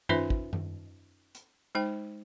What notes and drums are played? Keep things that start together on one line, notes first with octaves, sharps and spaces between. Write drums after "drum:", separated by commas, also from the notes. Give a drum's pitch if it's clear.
C#4 D#4 F4 B4 C5 E5, drum: tom F#2
drum: kick
drum: tom F#2
drum: hi-hat
G#3 D#4 C5 G5